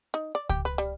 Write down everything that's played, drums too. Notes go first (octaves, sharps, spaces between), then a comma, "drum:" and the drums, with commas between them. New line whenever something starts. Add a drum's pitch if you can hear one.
D#4
D5
G4, drum: kick C#2
B4
G3